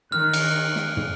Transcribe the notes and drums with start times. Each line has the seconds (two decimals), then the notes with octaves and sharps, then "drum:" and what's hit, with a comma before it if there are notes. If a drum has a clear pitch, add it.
0.12 D#3 F6 F#6
0.33 drum: cymbal
0.76 drum: snare
0.97 drum: tom